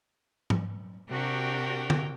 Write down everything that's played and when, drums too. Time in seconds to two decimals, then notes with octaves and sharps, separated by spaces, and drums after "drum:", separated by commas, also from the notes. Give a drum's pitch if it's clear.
0.50 drum: tom
1.10 C3 D4 F#4 G4 A#4 G5
1.90 drum: tom